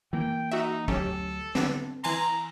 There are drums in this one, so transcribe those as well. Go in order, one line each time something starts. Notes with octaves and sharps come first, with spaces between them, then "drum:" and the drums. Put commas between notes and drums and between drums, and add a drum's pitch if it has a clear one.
E3 A#3 G5
D#4 F#4 E5
D2 F#3 C#4 G4 A4, drum: kick
D3 B3 C4, drum: snare
E3 G#5 A#5 C6, drum: cymbal